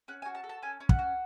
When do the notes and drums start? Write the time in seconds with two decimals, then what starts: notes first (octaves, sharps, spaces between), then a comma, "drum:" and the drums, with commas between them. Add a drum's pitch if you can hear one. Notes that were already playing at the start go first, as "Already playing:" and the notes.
0.08 C#4 F#5
0.22 G#5
0.26 F#4
0.35 A5
0.44 A4
0.49 A5
0.63 C#4 G#5
0.80 C#4
0.89 F#5, drum: kick
0.99 F#4